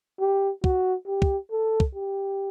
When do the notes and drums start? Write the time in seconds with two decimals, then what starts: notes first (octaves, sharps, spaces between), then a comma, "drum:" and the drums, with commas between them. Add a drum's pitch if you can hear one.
0.20 G4
0.64 F#4, drum: kick
1.07 G4
1.22 drum: kick
1.52 A4
1.80 drum: kick
1.95 G4